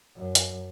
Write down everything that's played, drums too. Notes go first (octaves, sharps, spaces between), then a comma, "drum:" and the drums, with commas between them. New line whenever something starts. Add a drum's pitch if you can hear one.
F#2
drum: hi-hat